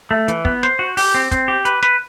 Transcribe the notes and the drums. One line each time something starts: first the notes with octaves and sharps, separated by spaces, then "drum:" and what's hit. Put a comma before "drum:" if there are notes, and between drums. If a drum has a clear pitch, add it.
A3
E3, drum: hi-hat
B3, drum: kick
C5, drum: snare
F#4
G4, drum: open hi-hat
C4
C4, drum: kick, hi-hat
G4
B4, drum: hi-hat
B4, drum: snare